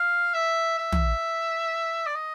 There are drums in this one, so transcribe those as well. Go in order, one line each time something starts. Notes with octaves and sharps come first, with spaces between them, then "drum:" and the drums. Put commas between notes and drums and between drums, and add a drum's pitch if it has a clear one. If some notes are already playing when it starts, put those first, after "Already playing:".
Already playing: F5
E5
E5
drum: tom
D5
D#5